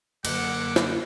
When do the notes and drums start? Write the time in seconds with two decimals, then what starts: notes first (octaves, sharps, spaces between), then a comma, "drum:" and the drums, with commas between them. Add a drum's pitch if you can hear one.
0.25 F#2 D3 F#3 A#3 F#4 F#5 D6, drum: cymbal
0.76 drum: snare